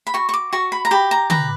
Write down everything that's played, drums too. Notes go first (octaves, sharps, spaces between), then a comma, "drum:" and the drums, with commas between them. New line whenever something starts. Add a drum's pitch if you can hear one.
B5
F#4 C#6
C#6
D6
F#4 C#6
B5
A#5
G4 B5
A#5
B4 A#5, drum: tom D3